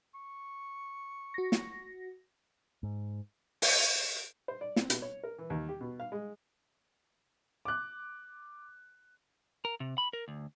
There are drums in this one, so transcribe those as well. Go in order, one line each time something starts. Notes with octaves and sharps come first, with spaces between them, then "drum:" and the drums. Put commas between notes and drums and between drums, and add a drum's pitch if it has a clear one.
C#6
F#4 A#6
drum: snare
G#2
drum: open hi-hat
C5
D5
C4, drum: snare
B2, drum: hi-hat
C#5
A#4
E3
D#2
G4
B2
F5
G#3
D6 F#6
A#4
C3
B5
A#4
D2